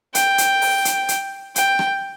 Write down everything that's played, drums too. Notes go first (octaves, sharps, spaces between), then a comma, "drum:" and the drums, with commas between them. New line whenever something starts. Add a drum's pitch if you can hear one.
G5, drum: hi-hat
drum: hi-hat
drum: open hi-hat
drum: hi-hat
drum: hi-hat
G5, drum: hi-hat
drum: rim click